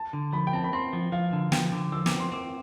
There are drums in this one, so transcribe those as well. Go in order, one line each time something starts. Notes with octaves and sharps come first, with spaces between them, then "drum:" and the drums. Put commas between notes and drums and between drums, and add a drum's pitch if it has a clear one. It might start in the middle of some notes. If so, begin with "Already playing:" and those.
Already playing: A5
D3
F3 B5
G5
C4 A5
B5
C4 C6
F3
F3 F5
D3
F3 G5, drum: snare
D3
F3 E6
D6, drum: snare
C4
C6
C4 D6